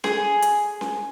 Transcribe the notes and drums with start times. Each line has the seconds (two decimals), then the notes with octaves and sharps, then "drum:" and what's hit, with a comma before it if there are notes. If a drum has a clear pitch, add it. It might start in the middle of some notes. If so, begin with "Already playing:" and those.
0.04 G#4, drum: snare C#4
0.42 drum: hi-hat
0.81 drum: snare C#4